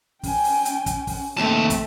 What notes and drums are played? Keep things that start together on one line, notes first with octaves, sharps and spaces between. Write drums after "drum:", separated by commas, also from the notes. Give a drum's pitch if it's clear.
C#4 G5 G#5, drum: kick, open hi-hat
drum: open hi-hat
drum: hi-hat
drum: kick, hi-hat
drum: kick, open hi-hat
D#2 A3 C4 A5
drum: kick, hi-hat